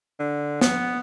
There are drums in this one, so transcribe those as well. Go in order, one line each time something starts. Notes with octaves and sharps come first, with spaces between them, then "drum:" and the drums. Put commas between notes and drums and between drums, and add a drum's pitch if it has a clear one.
D3
B3, drum: snare